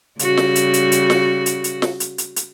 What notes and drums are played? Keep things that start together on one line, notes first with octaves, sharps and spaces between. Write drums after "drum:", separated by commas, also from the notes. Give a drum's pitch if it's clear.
C#3 G3 F#4, drum: hi-hat
drum: snare
drum: hi-hat
drum: hi-hat
drum: hi-hat
drum: snare
drum: hi-hat
drum: hi-hat
drum: snare
drum: hi-hat
drum: hi-hat
drum: hi-hat